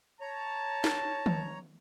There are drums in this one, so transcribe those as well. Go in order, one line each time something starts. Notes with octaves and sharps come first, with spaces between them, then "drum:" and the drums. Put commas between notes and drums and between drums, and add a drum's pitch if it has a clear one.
C#5 A5 A#5
drum: snare
drum: tom D#3